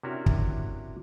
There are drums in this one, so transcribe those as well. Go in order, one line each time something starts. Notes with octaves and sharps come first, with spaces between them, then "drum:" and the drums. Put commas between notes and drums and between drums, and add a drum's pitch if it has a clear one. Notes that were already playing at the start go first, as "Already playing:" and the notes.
C3 C#4 D4 E4 F#4 A#4
drum: kick